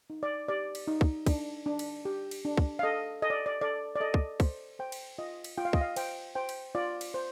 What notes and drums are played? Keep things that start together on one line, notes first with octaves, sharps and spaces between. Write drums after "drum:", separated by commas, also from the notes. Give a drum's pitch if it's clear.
D#4
D5
G4 D5
drum: cymbal
D#4
drum: kick
D4, drum: kick, cymbal
D4
drum: cymbal
G4
drum: cymbal
D4
drum: kick
F5
A4 D#5
A4 D#5
D5
D5
A4 D5
D5
A4 D#5
drum: kick
C5, drum: kick, cymbal
C5 G5
drum: cymbal
F4 D#5
drum: cymbal
F4 G5
F5
D#5, drum: kick
F5
C5 G5, drum: cymbal
C5 G5
drum: cymbal
F4 D5
drum: cymbal
C5